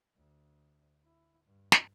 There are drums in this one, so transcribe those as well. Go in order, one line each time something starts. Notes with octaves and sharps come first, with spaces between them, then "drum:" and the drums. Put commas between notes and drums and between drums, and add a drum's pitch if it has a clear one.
D2
E4
G2
drum: snare